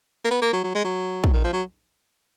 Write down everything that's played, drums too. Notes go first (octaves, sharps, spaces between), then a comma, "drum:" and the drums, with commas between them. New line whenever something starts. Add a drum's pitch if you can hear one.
A#3
B3
A#3
F#3
F#3
G#3
F#3
drum: kick
D#3
F3
F#3